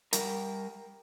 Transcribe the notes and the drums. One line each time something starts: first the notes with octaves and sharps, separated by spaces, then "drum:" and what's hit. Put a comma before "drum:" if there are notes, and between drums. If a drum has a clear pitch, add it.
G3 A#4, drum: hi-hat